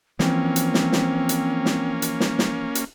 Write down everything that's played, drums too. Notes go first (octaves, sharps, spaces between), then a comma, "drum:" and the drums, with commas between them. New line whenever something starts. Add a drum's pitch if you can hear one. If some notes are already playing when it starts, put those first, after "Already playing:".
E3 F3 A#3 C4 C#4, drum: snare
drum: hi-hat
drum: snare
drum: snare
drum: hi-hat
drum: snare
drum: hi-hat
drum: snare
drum: snare
drum: hi-hat